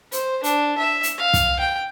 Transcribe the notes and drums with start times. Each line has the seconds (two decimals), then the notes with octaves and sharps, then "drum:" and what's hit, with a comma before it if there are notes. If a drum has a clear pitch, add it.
0.12 C5, drum: hi-hat
0.44 D4, drum: hi-hat
0.78 E5
1.03 drum: hi-hat
1.18 F5
1.34 drum: kick, hi-hat
1.59 G5